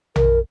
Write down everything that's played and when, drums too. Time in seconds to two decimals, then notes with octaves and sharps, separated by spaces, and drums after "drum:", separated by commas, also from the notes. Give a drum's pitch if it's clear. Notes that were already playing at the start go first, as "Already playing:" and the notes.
0.16 A#4, drum: tom A#1